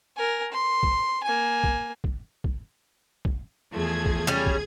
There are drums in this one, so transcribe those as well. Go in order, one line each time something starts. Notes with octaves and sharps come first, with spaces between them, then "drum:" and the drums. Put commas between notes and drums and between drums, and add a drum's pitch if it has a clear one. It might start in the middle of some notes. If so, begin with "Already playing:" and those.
A#4 G#5
C6
drum: kick
A#3 G#5
drum: kick
drum: kick
drum: kick
drum: kick
E2 F3 A3 G#4 G#6
drum: kick
G3 C#4
drum: kick